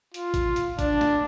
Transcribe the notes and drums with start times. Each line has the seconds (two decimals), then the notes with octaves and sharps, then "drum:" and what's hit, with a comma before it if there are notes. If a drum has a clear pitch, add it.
0.14 F4, drum: hi-hat
0.34 drum: kick G#1, hi-hat
0.56 drum: hi-hat
0.79 D4, drum: kick G#1, hi-hat
1.01 drum: snare